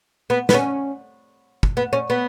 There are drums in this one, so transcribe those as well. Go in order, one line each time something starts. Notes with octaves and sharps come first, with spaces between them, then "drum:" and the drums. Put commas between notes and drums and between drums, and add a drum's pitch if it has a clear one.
B3
B3, drum: snare
C#4
drum: kick
B3
C#4
B3